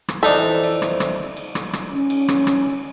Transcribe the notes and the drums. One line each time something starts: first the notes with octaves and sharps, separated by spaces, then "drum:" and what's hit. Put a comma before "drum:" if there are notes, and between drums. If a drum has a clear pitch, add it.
drum: rim click
F2 E3 D4 D#4 A4 C5 E5
drum: cymbal
drum: rim click
drum: rim click
drum: cymbal
drum: rim click
drum: rim click
C#4
drum: cymbal
drum: rim click
drum: rim click